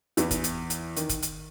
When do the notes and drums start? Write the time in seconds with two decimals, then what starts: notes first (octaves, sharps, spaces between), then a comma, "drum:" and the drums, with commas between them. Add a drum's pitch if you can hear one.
0.17 E2 E3, drum: hi-hat
0.31 drum: kick, hi-hat
0.44 drum: hi-hat
0.70 drum: hi-hat
0.96 D#3, drum: hi-hat
1.09 drum: kick, hi-hat
1.22 drum: hi-hat